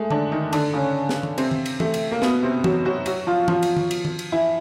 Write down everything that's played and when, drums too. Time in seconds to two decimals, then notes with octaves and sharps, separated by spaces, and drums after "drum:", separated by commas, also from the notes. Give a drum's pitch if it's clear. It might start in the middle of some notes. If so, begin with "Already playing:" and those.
Already playing: G#3 A3
0.10 D3 D4, drum: tom D#3
0.32 D#3 D#4
0.53 D3 D4, drum: cymbal
0.74 C#3 C#4
1.09 drum: snare
1.23 drum: tom D#3
1.38 C3 C4, drum: cymbal
1.51 drum: tom D#3
1.66 drum: cymbal
1.80 A3, drum: tom E3
1.94 drum: cymbal
2.11 A#3
2.22 B2 B3, drum: snare
2.42 C3 C4
2.64 F#3 F#4, drum: tom E3
2.85 F#3 F#4
3.06 F#3 F#4, drum: cymbal
3.27 F3 F4
3.48 F3 F4, drum: tom E3
3.63 drum: cymbal
3.77 drum: tom D#3
3.91 drum: cymbal
4.05 drum: tom D#3
4.19 drum: cymbal
4.32 E3 E4